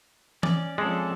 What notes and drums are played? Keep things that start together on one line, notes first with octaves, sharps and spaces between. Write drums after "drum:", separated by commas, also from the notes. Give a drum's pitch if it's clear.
C#4 D5, drum: tom E3
F3 G#3 C4 C#4 A4 D5